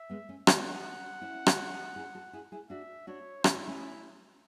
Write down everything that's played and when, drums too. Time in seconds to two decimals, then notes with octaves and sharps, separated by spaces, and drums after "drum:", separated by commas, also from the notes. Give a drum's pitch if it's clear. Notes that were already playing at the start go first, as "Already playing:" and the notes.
Already playing: E5
0.10 G#3 B3
0.29 A3 C#4
0.47 B3 D4 F#5, drum: rim click
1.21 C#4 E4
1.46 drum: rim click
1.96 E4 G#4
2.15 F#4 A4
2.33 E4 G#4
2.52 E4 G#4
2.70 D4 F#4 E5
3.07 D4 F#4 C#5
3.44 C#4 E4, drum: rim click
3.56 D4
3.67 A3 C#4